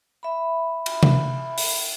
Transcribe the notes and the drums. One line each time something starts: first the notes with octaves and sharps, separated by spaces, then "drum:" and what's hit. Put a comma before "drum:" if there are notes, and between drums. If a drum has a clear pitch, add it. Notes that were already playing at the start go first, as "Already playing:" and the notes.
E5 B5
drum: cymbal
drum: tom C3
drum: open hi-hat